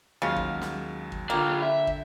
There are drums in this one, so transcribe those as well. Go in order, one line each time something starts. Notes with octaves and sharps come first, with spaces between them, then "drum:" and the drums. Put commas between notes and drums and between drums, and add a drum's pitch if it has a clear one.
D#2 C#3 F#3 G#3 F4
drum: kick
drum: snare
drum: kick
D3 A#3 D4 F4 G5
E5
drum: kick